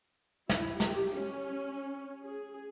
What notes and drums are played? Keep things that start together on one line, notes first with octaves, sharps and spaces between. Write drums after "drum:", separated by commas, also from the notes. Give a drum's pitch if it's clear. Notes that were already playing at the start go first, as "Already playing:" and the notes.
E4, drum: snare
G4, drum: snare
C#4
G#4